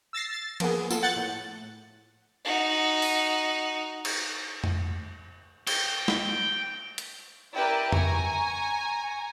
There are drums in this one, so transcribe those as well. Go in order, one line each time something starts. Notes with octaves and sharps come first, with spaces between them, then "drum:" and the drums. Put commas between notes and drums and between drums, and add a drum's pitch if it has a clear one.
E6 A6 A#6 C7
A6
F3 A#3 B3 G#4, drum: cymbal
A#3 B3 F4 A4, drum: tambourine
F#5 F#6 G6 A6 C#7
A2
D#4 F#4
drum: open hi-hat
drum: cymbal
drum: tom F2
G5, drum: cymbal
drum: snare
drum: hi-hat
E4 G4 A#4 B4 D5 G5
G#5 A#5 C#6, drum: tom F2